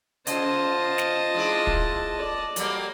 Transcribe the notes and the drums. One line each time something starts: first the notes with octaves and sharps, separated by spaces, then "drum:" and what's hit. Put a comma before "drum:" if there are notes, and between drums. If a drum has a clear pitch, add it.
C#3 F4 C5 D#5 A5, drum: hi-hat
drum: snare
G#3 D4 E4 F4
drum: kick
A4 D5
F#3 G3 A#3, drum: hi-hat